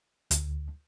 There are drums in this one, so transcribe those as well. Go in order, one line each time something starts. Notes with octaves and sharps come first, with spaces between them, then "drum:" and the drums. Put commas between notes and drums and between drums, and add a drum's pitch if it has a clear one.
D2, drum: hi-hat